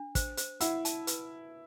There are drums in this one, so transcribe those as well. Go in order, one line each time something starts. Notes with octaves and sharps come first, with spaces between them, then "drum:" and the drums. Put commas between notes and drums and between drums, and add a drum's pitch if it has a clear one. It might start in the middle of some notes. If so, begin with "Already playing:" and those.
Already playing: D4
C5, drum: kick, hi-hat
C5, drum: hi-hat
E4 F#5, drum: hi-hat
A5, drum: hi-hat
B4, drum: hi-hat